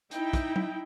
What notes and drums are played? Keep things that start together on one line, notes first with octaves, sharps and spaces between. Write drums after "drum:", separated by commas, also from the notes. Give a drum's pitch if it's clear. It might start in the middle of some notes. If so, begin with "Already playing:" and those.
D#4 E4 G5, drum: hi-hat
drum: kick, hi-hat
drum: tom